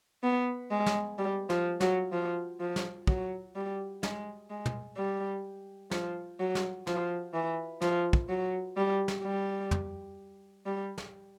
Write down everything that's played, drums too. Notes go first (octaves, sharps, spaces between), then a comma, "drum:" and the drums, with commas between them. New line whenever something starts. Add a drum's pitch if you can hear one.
B3
G#3
drum: snare
G3
F3, drum: snare
F#3, drum: snare
F3
F3
drum: snare
F#3, drum: kick
G3
G#3, drum: snare
G#3
drum: tom
G3
F3, drum: snare
F#3
drum: snare
F3, drum: snare
E3
F3, drum: snare
drum: kick
F#3
G3
drum: snare
G3
drum: tom
G3
drum: snare